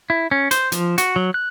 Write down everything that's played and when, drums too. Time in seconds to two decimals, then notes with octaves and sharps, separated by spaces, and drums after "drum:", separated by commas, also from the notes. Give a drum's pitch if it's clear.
0.10 E4
0.31 C#4
0.51 C5, drum: hi-hat
0.72 F3, drum: hi-hat
0.98 F#4, drum: hi-hat
1.16 F#3
1.34 F#6